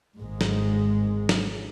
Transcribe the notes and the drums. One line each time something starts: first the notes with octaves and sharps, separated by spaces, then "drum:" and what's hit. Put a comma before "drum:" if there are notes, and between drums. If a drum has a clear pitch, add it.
G#1 G#2 G#3
drum: snare
drum: snare